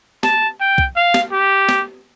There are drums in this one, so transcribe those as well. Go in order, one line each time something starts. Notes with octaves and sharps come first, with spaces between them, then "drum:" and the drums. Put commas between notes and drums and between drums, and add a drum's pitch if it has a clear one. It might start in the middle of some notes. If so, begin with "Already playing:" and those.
A5, drum: snare
G5
drum: kick
F5
drum: snare
G4
drum: snare